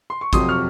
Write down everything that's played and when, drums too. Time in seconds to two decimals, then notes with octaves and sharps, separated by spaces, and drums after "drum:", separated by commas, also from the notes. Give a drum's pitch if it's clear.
0.10 C6
0.21 C#6
0.33 F2 C3 F#3 C6 D#6, drum: kick, hi-hat
0.48 C#6 F6